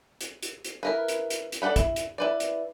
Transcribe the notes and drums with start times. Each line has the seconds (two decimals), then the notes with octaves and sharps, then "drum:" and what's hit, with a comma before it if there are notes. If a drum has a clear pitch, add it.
0.21 drum: hi-hat
0.43 drum: hi-hat
0.64 drum: hi-hat
0.83 E4 A#4 B4
1.08 drum: hi-hat
1.30 drum: hi-hat
1.52 drum: hi-hat
1.62 A4 D5 D#5 F#5 B5
1.76 E4, drum: kick, hi-hat
1.96 drum: hi-hat
2.18 E4 B4 D5
2.40 drum: hi-hat